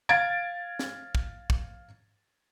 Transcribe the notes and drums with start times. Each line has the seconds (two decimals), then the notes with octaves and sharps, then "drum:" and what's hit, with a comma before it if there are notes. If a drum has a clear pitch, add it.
0.09 F5 G#6 A6 D7
0.79 drum: snare
1.15 drum: kick
1.50 drum: kick